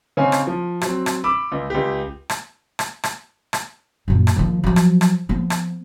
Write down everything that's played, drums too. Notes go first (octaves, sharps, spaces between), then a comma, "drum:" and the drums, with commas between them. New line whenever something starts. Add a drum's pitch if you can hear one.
C#3 C4 C#4 D#4 C5 G#5
drum: rim click
F3
F#3 C4, drum: rim click
drum: rim click
B5 D6 E6
C#2
C#2 G4
drum: rim click
drum: rim click
drum: rim click
drum: rim click
F#2 A#2
drum: rim click
D#3 F3
F3 F#3
drum: rim click
drum: rim click
F3 B3
drum: rim click